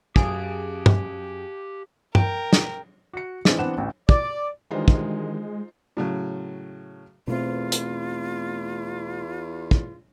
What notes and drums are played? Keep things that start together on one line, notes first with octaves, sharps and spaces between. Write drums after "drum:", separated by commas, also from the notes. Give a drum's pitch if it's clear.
F#2 G4 G#4 F5 D7, drum: kick
drum: tom
A#4 G5, drum: tom
drum: snare
F#4 C#7
D3 E3 G#3 C4 D#4 G#4, drum: snare
E3 B3 C4 D4 F#5 E7
A1 D2
D5, drum: kick
D#3 E3 G3 G#3 D4 D#4 F4 C5
drum: kick
A2 C#3 F#3
E2 B2 A3 C4 F4
drum: hi-hat
drum: kick